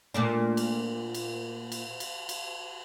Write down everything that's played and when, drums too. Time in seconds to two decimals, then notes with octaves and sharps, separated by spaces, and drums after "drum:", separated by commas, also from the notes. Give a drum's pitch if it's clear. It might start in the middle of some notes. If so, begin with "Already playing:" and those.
0.14 A#2 A3 D4
0.57 drum: cymbal
1.14 drum: cymbal
1.72 drum: cymbal
2.00 drum: cymbal
2.29 drum: cymbal